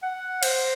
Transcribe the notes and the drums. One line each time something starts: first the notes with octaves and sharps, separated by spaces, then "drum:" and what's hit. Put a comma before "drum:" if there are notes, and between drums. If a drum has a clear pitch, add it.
F#5
C5, drum: cymbal